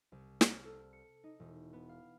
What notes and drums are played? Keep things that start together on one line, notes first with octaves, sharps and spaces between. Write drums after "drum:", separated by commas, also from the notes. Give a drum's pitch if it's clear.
C2
F6, drum: snare
A4
C#7
D#4
E1
B3
F5